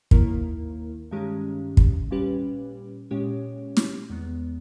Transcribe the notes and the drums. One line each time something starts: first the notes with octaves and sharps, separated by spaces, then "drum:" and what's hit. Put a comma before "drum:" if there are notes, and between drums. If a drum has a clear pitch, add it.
D#2 D#3 A#3 E4 A#4, drum: kick
G2 D#3 G#3 C#4 G4
drum: kick
A#2 G3 C#4 G4 B4
A#2 G#3 C#4 G4 C#5
drum: snare
E2 D#3 G#3 B3